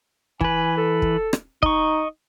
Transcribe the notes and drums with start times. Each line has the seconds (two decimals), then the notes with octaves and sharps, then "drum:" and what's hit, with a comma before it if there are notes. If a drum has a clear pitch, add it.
0.41 E3 B4 G#5, drum: kick
0.77 A4
1.02 drum: kick
1.33 drum: rim click
1.63 D#4 D#5 C#6, drum: kick